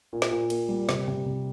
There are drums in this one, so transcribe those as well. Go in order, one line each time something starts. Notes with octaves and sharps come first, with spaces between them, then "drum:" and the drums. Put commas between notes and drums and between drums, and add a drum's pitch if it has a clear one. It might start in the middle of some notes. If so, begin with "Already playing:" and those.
A#2
drum: snare
A#2
A#3, drum: cymbal
G3
C3, drum: snare
C3
C3